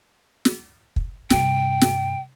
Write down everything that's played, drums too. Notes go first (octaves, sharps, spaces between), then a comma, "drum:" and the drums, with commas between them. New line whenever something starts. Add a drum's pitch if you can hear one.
drum: snare
drum: kick
G2 C3 G5, drum: snare
drum: snare